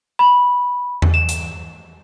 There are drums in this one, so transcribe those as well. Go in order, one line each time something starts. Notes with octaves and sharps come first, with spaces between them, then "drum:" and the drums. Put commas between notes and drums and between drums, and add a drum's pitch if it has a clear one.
B5
drum: tom E2
E7
drum: hi-hat